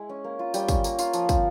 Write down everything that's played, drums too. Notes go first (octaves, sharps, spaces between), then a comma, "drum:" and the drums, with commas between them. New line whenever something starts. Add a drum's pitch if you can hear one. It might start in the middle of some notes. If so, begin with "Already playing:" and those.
Already playing: G#3 E4 G#5
C#4
A#3
F4
G3 G5, drum: tambourine
C#4, drum: kick, tambourine
A#3, drum: tambourine
F4, drum: tambourine
F3, drum: tambourine
C4, drum: kick, tambourine